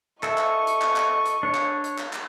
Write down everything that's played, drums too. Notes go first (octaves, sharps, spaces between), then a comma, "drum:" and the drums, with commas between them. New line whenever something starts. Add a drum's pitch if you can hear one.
A4 D#5 E5 C#6, drum: clap
drum: clap
drum: hi-hat
drum: clap
drum: clap
drum: hi-hat
D4 C#5
drum: clap
drum: hi-hat
drum: clap
drum: clap